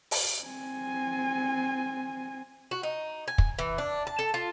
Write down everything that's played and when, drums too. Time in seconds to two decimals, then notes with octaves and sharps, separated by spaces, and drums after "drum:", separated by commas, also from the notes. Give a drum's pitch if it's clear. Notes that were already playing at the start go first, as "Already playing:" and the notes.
0.11 drum: open hi-hat
0.44 C4 G#5
2.71 F#4
2.83 D#4
3.28 G#5
3.38 drum: kick
3.59 E3
3.78 D4
4.07 A5
4.19 A4
4.34 F4